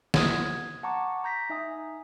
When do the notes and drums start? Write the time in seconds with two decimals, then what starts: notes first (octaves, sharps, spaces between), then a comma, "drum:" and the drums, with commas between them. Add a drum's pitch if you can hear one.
0.14 D#6 G#6, drum: snare
0.83 F#5 A5 A#5 C#6 D6
1.24 A#5 G6 A#6 B6
1.50 D#4 E5 G#5 D#6